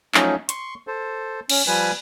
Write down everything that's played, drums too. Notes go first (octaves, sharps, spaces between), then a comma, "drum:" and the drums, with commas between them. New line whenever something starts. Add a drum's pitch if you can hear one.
F3 F#3 A3 C#4 D#4, drum: clap
C6 C#6, drum: hi-hat
A4 C5
C#4, drum: cymbal
F3 G3 B4 G#5